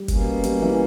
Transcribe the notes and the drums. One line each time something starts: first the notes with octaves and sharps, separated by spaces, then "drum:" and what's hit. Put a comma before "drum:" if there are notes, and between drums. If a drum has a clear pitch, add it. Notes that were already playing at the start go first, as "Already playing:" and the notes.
Already playing: G3
B2 A#3 C#4, drum: kick, hi-hat
G3, drum: hi-hat
E3